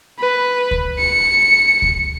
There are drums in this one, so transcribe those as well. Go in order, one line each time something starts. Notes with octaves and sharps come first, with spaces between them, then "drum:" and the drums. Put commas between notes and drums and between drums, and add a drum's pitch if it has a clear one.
B4
drum: kick D2
C#7
drum: kick D2